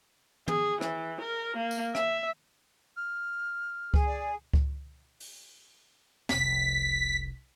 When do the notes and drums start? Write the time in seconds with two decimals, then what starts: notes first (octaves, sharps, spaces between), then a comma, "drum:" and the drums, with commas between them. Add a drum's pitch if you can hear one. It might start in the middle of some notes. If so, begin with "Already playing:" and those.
0.48 G#4, drum: tom
0.81 E3, drum: rim click
1.21 A#4
1.57 A#3
1.71 drum: tambourine
1.95 E5, drum: rim click
2.97 F6
3.94 G#4, drum: kick C#2
4.06 D5
4.54 drum: kick C#2
5.20 drum: open hi-hat
6.29 F1 C2 B6, drum: snare